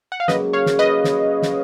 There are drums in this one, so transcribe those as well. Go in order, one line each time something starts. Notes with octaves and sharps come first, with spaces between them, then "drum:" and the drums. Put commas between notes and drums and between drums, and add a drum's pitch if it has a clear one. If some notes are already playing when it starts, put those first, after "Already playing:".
F#5
F5
C#3 F#3 A#3 B4 D#5, drum: snare
C#5 F5
drum: snare
B4 D#5
drum: snare
drum: snare